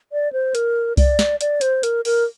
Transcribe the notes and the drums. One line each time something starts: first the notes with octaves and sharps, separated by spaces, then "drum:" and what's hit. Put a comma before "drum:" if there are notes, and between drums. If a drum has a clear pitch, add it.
D5
C5
A#4, drum: hi-hat
D5, drum: kick C2, open hi-hat
drum: snare
D5, drum: hi-hat
C5, drum: hi-hat
A#4, drum: hi-hat
A#4, drum: open hi-hat